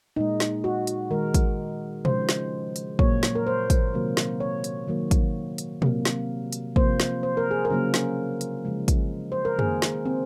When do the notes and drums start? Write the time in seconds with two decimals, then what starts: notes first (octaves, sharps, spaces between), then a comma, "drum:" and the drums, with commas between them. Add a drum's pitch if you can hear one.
0.16 A#2 G#3 D#4
0.40 drum: snare
0.64 F#4
0.87 drum: hi-hat
1.11 D#3 G#3 A#4
1.34 drum: kick, hi-hat
2.05 C#3 F3 G#3 C5, drum: tom
2.29 drum: snare
2.76 drum: hi-hat
2.99 A#2 F#3 A#3 C#5, drum: kick
3.23 drum: snare
3.35 A#4
3.47 C5
3.70 drum: kick, hi-hat
3.93 C3 D#3 F#3 A#3
4.17 drum: snare
4.40 C#5
4.64 drum: hi-hat
4.87 D#3 F#3 A#3
5.11 drum: kick, hi-hat
5.58 drum: hi-hat
5.82 C3 F#3 A#3, drum: tom
6.05 drum: snare
6.53 drum: hi-hat
6.76 C3 F3 A#3 C5, drum: kick
7.00 drum: snare
7.23 C5
7.37 A#4
7.51 G#4
7.65 A#4
7.70 C#3 F#3 A#3
7.94 drum: snare
8.41 drum: hi-hat
8.65 C#3 F3 G#3
8.88 drum: kick, hi-hat
9.32 C5
9.45 A#4
9.59 D#3 A#3 G#4, drum: tom
9.82 drum: snare
10.06 C4